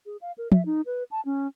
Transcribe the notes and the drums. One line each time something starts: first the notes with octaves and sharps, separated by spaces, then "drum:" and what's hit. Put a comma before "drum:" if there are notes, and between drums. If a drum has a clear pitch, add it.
G#4
F5
A#4
E5, drum: tom
D#4
B4
A5
C#4